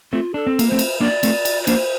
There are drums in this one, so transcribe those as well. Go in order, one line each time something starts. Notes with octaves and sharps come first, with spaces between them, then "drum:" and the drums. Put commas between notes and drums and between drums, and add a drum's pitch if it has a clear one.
A3 C4 F4
D4 A4
C4
A#3, drum: cymbal
A3 C4 C5
drum: cymbal
A#3 D4 D5
A3 C4, drum: cymbal
drum: cymbal
D5
A#3 D4 C5, drum: cymbal